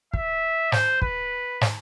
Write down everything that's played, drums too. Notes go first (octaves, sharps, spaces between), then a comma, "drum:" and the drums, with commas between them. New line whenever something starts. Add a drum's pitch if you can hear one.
E5, drum: kick
C5, drum: snare
B4, drum: kick
drum: snare